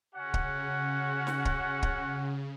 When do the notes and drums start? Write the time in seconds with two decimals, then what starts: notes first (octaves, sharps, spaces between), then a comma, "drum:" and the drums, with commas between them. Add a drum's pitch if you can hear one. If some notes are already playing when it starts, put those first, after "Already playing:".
0.15 C#3 C#4 F#4 F#5
0.34 drum: kick
1.27 drum: snare
1.45 drum: kick
1.83 drum: kick